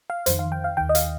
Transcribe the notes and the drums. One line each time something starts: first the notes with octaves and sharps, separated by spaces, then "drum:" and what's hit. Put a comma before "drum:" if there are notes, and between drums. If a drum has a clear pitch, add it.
F5
F2 D#3 C5, drum: hi-hat
F5
G5
F5
D#2 D#3 G5
D#5
F5, drum: hi-hat